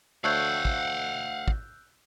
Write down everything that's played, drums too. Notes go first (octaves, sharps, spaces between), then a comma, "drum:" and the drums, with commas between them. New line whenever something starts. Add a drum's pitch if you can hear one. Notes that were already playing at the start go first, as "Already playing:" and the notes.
D2 A3 C#5 F5 F#5 E6 F#6 G6
drum: kick
drum: kick